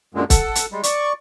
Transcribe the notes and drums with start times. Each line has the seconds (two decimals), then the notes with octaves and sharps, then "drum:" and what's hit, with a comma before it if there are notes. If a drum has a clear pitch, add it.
0.14 F#2 A#2 D3 G#3
0.30 A4 F#5, drum: kick, hi-hat
0.55 drum: hi-hat
0.72 G3 G#3
0.83 D5 C#6, drum: hi-hat